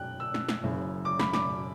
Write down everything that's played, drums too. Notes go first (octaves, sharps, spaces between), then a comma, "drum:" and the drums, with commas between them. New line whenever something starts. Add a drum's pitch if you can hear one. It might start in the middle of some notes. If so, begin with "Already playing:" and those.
Already playing: F#2 G5 F#6
E6
drum: snare
drum: snare
F#1 F#2 C#3
D6
B5, drum: snare
D6, drum: snare